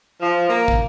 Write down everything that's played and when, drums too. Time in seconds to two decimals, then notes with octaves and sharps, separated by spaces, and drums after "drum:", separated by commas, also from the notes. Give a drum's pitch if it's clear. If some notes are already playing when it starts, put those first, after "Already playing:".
0.21 F3
0.49 A#3
0.68 drum: kick